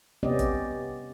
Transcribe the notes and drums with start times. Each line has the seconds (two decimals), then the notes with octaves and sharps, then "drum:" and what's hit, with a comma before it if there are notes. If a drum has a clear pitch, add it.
0.23 C3 B3 C#4 G4 D5 D#5
0.39 drum: kick, hi-hat